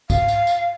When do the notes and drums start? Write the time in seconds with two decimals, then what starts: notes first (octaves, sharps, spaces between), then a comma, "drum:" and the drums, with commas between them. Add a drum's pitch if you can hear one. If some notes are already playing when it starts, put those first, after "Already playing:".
0.10 F5, drum: kick, tambourine
0.28 drum: tambourine
0.47 drum: tambourine